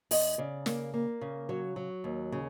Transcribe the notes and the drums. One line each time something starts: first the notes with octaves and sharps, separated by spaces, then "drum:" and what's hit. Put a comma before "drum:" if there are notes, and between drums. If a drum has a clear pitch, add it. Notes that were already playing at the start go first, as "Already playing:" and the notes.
E2 D#5, drum: open hi-hat
C#3 D5
A#3, drum: snare
A#3
C#3
F#3 C#5
F#3
D#2
C#3